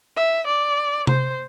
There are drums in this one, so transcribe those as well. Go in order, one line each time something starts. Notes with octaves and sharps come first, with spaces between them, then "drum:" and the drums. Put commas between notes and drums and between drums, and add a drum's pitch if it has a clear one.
E5
D5
C5, drum: tom C3